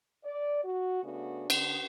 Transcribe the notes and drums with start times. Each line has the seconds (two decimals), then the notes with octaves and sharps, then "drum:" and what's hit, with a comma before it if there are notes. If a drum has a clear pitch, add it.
0.24 D5
0.64 F#4
1.03 C#3 A3 B3 D4 F#4
1.50 D3, drum: cymbal